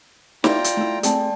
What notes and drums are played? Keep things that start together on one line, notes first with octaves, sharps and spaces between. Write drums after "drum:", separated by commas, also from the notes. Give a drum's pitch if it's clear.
E4 F4 D5 E5 G5 A#5, drum: snare
drum: hi-hat
A3 E4
A3 C4 G#4 D5 G5 A5, drum: hi-hat